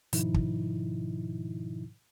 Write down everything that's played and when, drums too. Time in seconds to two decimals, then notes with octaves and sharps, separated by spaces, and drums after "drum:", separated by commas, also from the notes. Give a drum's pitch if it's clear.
0.13 G#2 B2 D#3 F3 D#4 E4, drum: hi-hat
0.34 drum: kick